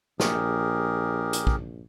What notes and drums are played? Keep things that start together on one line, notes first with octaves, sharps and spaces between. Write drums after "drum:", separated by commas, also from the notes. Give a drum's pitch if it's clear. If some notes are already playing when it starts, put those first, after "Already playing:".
A#1 G4 G#4 A#4, drum: snare
drum: hi-hat
drum: kick